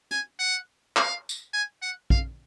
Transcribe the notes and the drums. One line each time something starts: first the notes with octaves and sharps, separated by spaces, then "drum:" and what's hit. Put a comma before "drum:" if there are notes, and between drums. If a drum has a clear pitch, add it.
G#5, drum: hi-hat
F#5
F5, drum: clap
drum: tambourine
G#5
F#5
F5, drum: kick